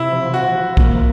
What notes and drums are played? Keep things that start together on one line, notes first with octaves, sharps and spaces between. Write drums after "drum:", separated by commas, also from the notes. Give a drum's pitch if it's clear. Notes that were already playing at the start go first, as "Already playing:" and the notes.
Already playing: C3 E4
F3
F3 F#4
F3
A#3, drum: kick B1